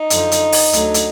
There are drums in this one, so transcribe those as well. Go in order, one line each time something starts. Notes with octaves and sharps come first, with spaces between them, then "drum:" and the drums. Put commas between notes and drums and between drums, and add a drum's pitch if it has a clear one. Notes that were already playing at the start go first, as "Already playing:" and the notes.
Already playing: D#4
F#2 D3 F3, drum: hi-hat
drum: hi-hat
drum: open hi-hat
D2 D3 F#3, drum: hi-hat
drum: hi-hat